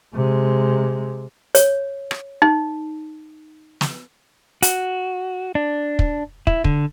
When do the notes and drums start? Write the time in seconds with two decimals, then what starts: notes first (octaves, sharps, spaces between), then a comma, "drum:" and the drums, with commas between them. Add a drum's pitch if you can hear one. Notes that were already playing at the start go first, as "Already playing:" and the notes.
0.15 C3 G#3
1.55 C#5, drum: hi-hat
2.11 drum: rim click
2.42 D#4
3.81 drum: snare
4.62 F#4, drum: hi-hat
5.55 D4
5.99 drum: kick
6.47 E4, drum: kick
6.64 D3, drum: kick